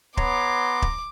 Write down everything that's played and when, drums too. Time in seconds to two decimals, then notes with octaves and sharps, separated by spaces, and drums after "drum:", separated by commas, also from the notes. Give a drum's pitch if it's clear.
0.17 B3 C#5 A#5 C6 D6, drum: kick
0.82 drum: kick